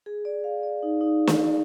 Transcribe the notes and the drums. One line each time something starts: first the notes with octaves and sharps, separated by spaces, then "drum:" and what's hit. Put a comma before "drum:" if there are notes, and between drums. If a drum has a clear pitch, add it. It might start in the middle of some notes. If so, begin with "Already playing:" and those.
G#4
D5
F5
D5
D#4
D#4
drum: snare